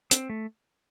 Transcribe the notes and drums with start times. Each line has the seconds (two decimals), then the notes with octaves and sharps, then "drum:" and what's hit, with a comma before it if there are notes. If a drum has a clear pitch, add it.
0.11 C4, drum: hi-hat
0.30 A3